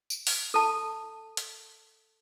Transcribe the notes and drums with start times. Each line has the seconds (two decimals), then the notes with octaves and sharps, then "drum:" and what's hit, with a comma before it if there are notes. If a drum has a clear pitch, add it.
0.10 drum: tambourine
0.27 drum: open hi-hat
0.54 A4 A5
1.37 drum: hi-hat